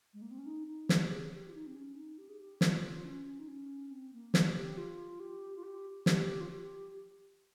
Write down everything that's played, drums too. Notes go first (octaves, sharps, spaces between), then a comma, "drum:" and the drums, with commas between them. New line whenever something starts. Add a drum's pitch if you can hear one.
G#3
A#3
C4
C#4
D#4
D#4
G4, drum: snare
G#4
G4
F4
D#4
C4
C#4
D#4
G4
G#4
G4
F4, drum: snare
C#4
D#4
C#4
C4
A#3
G4, drum: snare
G4
F4
G4
F4
G4
G4, drum: snare
F4
G4